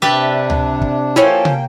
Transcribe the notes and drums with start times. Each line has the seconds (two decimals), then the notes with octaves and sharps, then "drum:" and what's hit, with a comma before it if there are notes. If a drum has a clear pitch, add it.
0.02 C3 D4 G4 B4 E5 A6
0.50 drum: tom C#2
0.81 drum: kick
1.16 F3 A#3 C#4 E4 A4 C#5 G5
1.45 drum: tom